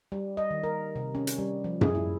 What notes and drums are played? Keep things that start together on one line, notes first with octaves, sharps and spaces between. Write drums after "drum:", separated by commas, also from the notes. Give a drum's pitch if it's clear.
G3
D#5
D#3
A#4
C3
C#4
drum: hi-hat
G3
F3
G#4, drum: tom F#2
E4